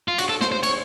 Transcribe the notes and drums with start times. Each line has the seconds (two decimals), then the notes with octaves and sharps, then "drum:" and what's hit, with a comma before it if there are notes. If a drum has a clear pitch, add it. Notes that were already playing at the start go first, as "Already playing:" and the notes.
0.08 F4
0.18 F#4, drum: cymbal
0.29 A4
0.41 C5, drum: snare
0.52 C5
0.63 C#5, drum: cymbal